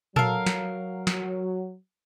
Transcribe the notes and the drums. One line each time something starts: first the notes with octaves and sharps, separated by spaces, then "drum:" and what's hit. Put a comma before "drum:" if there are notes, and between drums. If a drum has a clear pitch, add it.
F#3 A4 A#4 F5, drum: tom A#2
drum: snare
drum: snare